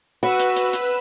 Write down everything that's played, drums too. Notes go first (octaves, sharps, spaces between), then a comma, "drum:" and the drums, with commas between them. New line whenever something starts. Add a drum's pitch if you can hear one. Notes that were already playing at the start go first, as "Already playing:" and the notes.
F#4 B4 E6
drum: hi-hat
drum: hi-hat
drum: hi-hat